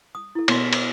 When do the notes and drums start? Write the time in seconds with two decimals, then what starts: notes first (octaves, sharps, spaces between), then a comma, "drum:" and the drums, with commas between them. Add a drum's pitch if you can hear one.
0.15 D#6
0.35 E4 A4
0.48 B2 C#5 C6, drum: cymbal
0.73 drum: cymbal